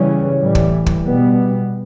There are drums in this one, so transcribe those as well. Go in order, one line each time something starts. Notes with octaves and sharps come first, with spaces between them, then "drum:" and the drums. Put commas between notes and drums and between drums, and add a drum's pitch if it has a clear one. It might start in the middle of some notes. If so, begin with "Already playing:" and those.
Already playing: C#3 E3 G3 C#4
A2 E3 G3
drum: kick
drum: kick
B2 G3 B3